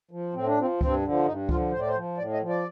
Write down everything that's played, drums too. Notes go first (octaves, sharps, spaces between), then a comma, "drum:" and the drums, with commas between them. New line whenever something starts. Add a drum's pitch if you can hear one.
F3
A2 C4
D4
F3 C4
G2 C4, drum: kick C#2
D3 F3
G2 D#4
D3 F3 F4, drum: kick C#2
A2 C5
D5
C5
F3
A2 D5
D#5
F3
D5